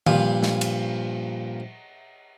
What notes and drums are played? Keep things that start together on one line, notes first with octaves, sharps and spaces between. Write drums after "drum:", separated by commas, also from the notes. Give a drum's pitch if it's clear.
G2 A#2 F3, drum: tom D#3
drum: snare
drum: cymbal